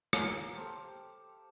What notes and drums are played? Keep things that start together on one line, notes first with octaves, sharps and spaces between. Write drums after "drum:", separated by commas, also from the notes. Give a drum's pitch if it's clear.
G4 A#4 F5, drum: rim click
G4 A4 C5